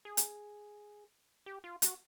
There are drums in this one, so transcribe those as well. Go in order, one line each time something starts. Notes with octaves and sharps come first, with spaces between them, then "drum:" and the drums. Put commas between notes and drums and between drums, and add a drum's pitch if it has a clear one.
G#4
drum: hi-hat
G4
F4
F#4, drum: hi-hat